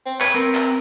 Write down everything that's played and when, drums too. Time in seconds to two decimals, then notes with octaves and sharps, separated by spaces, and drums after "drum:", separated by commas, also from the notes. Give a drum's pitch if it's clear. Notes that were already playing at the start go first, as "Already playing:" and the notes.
0.06 C4
0.21 B4 C#5 G5, drum: clap
0.35 C4 A#4
0.55 drum: clap